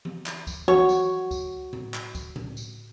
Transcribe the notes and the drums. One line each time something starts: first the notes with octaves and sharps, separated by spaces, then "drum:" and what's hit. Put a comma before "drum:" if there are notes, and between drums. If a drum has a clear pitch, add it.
drum: tom E3
drum: clap
drum: kick C#2, tambourine
F#4 C#5, drum: tom E3
drum: tambourine
drum: kick C#2, tambourine
drum: tom A2
drum: clap
drum: kick C#2, tambourine
drum: tom A2
drum: tambourine